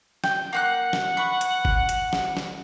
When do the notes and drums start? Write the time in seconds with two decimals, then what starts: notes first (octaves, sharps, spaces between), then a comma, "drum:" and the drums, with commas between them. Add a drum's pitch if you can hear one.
0.24 G5, drum: snare
0.53 A#3 F#5 C6 F#6
0.93 drum: snare
1.17 B4 C#6
1.41 drum: hi-hat
1.65 drum: kick G#1
1.89 drum: hi-hat
2.13 drum: snare
2.37 drum: snare